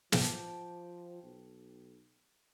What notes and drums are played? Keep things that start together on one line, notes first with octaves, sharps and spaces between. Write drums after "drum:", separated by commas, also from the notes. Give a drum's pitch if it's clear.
F3 G4 G5 A5, drum: snare
B1